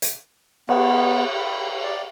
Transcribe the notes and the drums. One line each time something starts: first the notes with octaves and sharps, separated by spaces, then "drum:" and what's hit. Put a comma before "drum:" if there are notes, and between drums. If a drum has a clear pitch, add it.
drum: hi-hat
B3, drum: cymbal
B5
D5